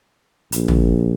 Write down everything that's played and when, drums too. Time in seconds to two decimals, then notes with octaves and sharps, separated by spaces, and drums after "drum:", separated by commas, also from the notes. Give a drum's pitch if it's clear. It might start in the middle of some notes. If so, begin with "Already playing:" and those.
0.52 A#1, drum: hi-hat
0.68 drum: tom